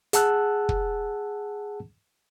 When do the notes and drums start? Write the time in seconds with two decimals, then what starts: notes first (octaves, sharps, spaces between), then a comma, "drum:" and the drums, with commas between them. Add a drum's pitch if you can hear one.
0.13 G#4 F#5 A5 E6 F#6, drum: hi-hat
0.69 drum: kick